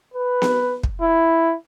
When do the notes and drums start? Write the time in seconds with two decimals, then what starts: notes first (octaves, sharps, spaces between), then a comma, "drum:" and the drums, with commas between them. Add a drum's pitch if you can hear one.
0.14 B4
0.42 drum: snare B3
0.83 drum: kick
1.01 E4